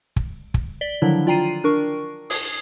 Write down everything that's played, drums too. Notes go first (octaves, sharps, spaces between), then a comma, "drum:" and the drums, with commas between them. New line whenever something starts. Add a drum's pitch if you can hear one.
drum: kick
drum: kick
D5 B6 G7
D3 D#3 F3 F#3 D4 E4
F4 D5 G5 A#5 C7 D#7
D4 A#4 C#6
D#6 G#6, drum: open hi-hat